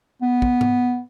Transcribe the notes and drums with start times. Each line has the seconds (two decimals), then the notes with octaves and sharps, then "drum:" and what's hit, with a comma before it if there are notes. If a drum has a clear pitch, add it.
0.22 B3
0.42 drum: kick
0.61 drum: tom G#2